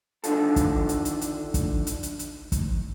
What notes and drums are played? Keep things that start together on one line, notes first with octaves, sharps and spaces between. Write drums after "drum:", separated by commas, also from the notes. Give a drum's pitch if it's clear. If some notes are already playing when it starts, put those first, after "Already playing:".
D3 D#3 D4 F4 A4, drum: hi-hat
drum: kick, hi-hat
drum: hi-hat
drum: hi-hat
drum: hi-hat
drum: kick, hi-hat
drum: hi-hat
drum: hi-hat
drum: hi-hat
drum: kick, hi-hat